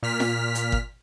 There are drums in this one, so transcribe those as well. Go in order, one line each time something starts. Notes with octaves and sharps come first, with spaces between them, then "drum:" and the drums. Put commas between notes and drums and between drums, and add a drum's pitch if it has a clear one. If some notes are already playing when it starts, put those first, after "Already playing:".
A#2 F6 B6
drum: snare
drum: hi-hat
drum: kick G1